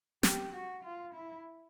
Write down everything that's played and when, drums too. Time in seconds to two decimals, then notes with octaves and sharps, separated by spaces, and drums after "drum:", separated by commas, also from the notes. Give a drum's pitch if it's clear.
0.23 G4, drum: snare
0.53 F#4
0.84 F4
1.14 E4